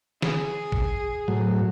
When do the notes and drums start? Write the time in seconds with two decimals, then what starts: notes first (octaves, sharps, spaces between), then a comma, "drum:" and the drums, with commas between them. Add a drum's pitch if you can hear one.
0.22 G#4, drum: snare
0.72 drum: kick
1.28 A2 F#3